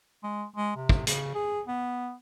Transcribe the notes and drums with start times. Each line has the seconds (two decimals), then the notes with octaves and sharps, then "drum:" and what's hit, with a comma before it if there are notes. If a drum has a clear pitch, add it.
0.23 G#3
0.56 G#3
0.76 C3
0.89 drum: kick
1.07 C#3, drum: hi-hat
1.35 G#4
1.67 B3